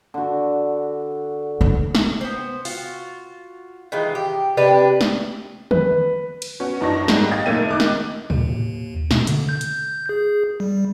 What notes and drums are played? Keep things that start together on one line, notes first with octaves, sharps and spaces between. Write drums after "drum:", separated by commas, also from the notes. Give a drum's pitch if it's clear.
D3 F#4
D3
drum: snare
B3 C5
F4 F#4, drum: open hi-hat
D#3 E3 G#3 F4
G4
C3 D4 G4 B4
drum: snare
B4, drum: tom
drum: cymbal
B3 C#4 F#4
F#2 E3 D4 D#4 C#6 A#6
G#2 D#3 G3, drum: snare
D#5 F5 G5 G#6 A6
F#1 A#2 D#3 A3 E5 D#7
D#3 D6 F#6
drum: snare
D#2, drum: tom
B2, drum: snare
D3, drum: hi-hat
G6
drum: hi-hat
G#4
G3